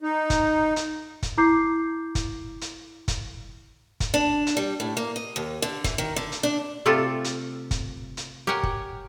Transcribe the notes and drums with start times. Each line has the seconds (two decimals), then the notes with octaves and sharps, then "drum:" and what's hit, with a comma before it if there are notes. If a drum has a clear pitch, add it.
0.02 D#4
0.30 drum: kick, hi-hat
0.76 drum: hi-hat
1.23 drum: kick, hi-hat
1.37 E4 A#5 D6 G6 C7
2.15 drum: kick, hi-hat
2.61 drum: hi-hat
3.08 drum: kick, hi-hat
4.00 drum: kick, hi-hat
4.14 D4
4.47 drum: hi-hat
4.57 G3
4.80 A2
4.97 A#3
5.16 D#5
5.36 D#2
5.62 D3
5.84 E3, drum: kick, hi-hat
5.98 D#3
6.16 D3
6.32 drum: hi-hat
6.43 D4
6.86 C3 A3 F4 G4 A4
7.24 drum: hi-hat
7.71 drum: kick, hi-hat
8.17 drum: hi-hat
8.47 G4 A#4 C#5 F#5 G#5
8.63 drum: kick